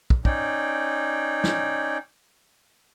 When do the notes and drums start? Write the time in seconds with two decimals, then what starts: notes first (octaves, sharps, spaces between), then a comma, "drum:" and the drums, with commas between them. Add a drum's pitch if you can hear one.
0.10 drum: kick
0.25 C#4 D#4 D5 G5, drum: kick
1.44 drum: snare